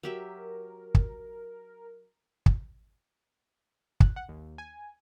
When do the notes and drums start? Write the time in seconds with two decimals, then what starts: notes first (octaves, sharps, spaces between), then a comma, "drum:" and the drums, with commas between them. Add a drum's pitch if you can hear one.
0.03 F#3 G4 A#4 E5
0.95 drum: kick
2.46 drum: kick
4.00 F#6, drum: kick
4.16 F#5
4.29 D#2
4.58 G#5